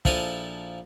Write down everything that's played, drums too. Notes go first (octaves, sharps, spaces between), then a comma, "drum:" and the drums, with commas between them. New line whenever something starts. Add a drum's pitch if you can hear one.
A#1 F3 E4 A4 F5 D#6, drum: kick